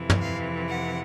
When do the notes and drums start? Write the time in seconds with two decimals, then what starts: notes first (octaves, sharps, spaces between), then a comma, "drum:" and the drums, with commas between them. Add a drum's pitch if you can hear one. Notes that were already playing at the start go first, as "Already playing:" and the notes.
Already playing: F2 C3 E3
0.10 drum: tom
0.21 F5
0.68 F#5